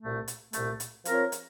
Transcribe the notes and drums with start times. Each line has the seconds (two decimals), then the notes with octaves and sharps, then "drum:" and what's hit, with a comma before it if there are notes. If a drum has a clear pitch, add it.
0.01 C2 A#2 A3
0.28 drum: hi-hat
0.53 C2 A#2 A3, drum: hi-hat
0.80 drum: hi-hat
1.05 F3 C4 F4 A#4 C#5, drum: hi-hat
1.32 drum: hi-hat